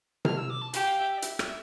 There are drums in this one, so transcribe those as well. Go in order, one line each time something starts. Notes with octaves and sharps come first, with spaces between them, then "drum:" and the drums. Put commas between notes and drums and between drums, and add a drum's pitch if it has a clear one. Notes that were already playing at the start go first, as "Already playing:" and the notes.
F6, drum: tom C3
E6
D6
A5
G4 G5, drum: hi-hat
F5
E5
E5
D5
E5, drum: hi-hat
E5, drum: rim click